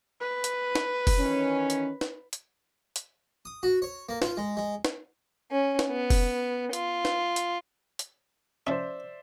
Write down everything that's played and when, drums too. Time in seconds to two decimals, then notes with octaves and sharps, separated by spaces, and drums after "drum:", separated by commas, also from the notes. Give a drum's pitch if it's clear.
0.21 B4
0.44 drum: hi-hat
0.75 drum: snare
1.07 drum: kick F1, open hi-hat
1.19 D#3 E3 C#4
1.70 drum: hi-hat
2.01 drum: snare
2.33 drum: hi-hat
2.96 drum: hi-hat
3.45 D#6
3.63 F#4
3.82 C#5
4.09 A#3
4.22 F4, drum: snare
4.37 G#3
4.57 G#3
4.85 drum: snare
5.51 C#4
5.79 drum: snare
5.88 B3
6.10 drum: kick F1, open hi-hat
6.73 F4, drum: hi-hat
7.05 drum: snare
7.36 drum: hi-hat
7.99 drum: hi-hat
8.67 F3 C#4 C5 D5 E5